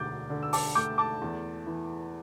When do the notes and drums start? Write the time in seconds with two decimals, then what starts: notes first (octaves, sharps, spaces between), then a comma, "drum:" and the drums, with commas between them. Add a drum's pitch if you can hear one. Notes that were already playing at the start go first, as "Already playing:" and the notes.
Already playing: E1 D2 D6 G6 A6
0.30 D3
0.43 E6
0.53 A5 D6, drum: open hi-hat
0.75 A3 D6 G6
0.98 A5 D6
1.21 E2
1.67 E3